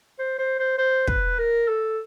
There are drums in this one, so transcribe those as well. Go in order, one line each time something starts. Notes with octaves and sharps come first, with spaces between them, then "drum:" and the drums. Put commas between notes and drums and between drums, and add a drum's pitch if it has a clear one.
C5
C5
C5
C5
B4, drum: kick
A#4
A4